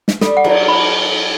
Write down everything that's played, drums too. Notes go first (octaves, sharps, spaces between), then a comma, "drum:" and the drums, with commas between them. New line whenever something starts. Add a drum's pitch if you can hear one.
drum: snare
G3 A4, drum: snare
F#5
F#3, drum: cymbal
D5
B5